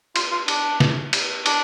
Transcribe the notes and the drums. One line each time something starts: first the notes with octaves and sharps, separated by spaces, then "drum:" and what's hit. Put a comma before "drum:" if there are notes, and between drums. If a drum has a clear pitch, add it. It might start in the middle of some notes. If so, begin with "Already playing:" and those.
F4, drum: cymbal
F4
D4, drum: cymbal
drum: snare
drum: cymbal
D4, drum: cymbal